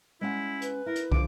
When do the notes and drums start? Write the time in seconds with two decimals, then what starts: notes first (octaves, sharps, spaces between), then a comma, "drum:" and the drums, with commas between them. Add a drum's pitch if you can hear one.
0.21 G#3 C#4 E4 F#5
0.62 B4, drum: hi-hat
0.86 E4 A#4
0.96 drum: hi-hat
1.12 D3 F3 D6, drum: kick